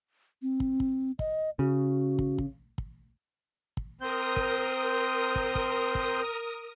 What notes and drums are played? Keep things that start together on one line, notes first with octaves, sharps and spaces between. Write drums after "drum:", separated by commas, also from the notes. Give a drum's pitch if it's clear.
C4
drum: kick
drum: kick
D#5, drum: kick
C#3 F#4
drum: kick
drum: kick
drum: kick
drum: kick
C4 A#4 C5 D#6 G6
drum: kick
drum: kick
drum: kick
drum: kick